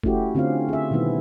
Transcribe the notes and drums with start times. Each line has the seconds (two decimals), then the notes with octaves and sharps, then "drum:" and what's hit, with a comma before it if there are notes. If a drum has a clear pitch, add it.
0.03 A3 C#4 E4 F#4 G4, drum: kick
0.35 D3 C4 C#4 F4 F5
0.69 G#4 E5
0.91 B2 D#3 G3 B3 E4